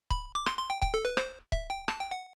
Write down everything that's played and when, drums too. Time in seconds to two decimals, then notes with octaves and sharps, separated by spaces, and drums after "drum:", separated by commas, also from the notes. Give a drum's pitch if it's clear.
0.10 B5, drum: kick C#1
0.35 D6
0.46 C6, drum: rim click
0.58 C6
0.70 G5
0.82 G5, drum: kick C#1
0.94 A4
1.05 B4
1.17 C5, drum: rim click
1.52 E5, drum: kick C#1
1.70 G5
1.88 A5, drum: rim click
2.00 G5
2.11 F#5